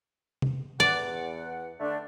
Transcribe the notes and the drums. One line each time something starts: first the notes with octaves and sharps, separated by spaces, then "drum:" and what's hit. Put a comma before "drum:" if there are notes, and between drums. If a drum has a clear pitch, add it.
drum: tom C3
E2 D5 F#5, drum: hi-hat
D3 A3 D4